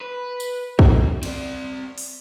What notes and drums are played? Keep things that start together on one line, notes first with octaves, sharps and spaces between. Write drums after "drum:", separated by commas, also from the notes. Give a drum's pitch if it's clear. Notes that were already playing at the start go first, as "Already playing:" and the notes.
B4
drum: tambourine
F#2, drum: kick
C4 D5, drum: cymbal
drum: open hi-hat